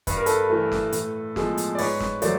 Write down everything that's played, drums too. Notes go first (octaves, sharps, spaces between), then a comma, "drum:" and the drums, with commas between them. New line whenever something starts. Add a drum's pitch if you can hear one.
G2 B4, drum: kick, hi-hat
A#4
A4 B4, drum: hi-hat
E3 A3
drum: snare
A2, drum: hi-hat
F3 G#3 B3, drum: snare
drum: hi-hat
D5
G#2 B4 C#5, drum: open hi-hat
drum: snare
F#3 A3 C5 D5, drum: hi-hat